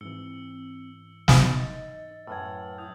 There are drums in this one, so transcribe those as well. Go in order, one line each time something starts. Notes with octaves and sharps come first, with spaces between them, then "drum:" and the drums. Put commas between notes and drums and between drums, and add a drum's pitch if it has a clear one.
G#2 E3 C4 E6 C#7 G7
D#4 D#5 A6, drum: snare
F#2 A2 B4 E6 F6 G#6
E4 D#6 G6